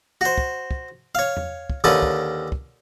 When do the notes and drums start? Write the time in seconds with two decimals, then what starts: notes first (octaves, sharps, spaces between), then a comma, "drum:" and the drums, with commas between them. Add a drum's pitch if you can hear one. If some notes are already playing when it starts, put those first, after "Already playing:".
0.21 F#4 C5
0.38 drum: kick
0.71 drum: kick
1.15 C#5 F5
1.37 drum: tom E2
1.70 drum: kick
1.84 D#2 D3 D#3 C#4 B4 A5
2.03 drum: kick
2.52 drum: kick